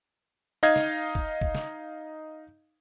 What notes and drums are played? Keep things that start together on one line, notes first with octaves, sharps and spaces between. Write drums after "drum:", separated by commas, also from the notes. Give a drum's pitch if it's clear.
D#4 D#5 F5 G#6
drum: snare
drum: kick E1
drum: kick E1
drum: snare